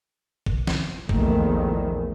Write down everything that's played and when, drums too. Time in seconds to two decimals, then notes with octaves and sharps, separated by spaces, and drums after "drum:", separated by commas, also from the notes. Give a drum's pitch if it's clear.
0.46 drum: kick
0.67 drum: snare
1.09 A#1 E2 A#2 D#3 A3, drum: kick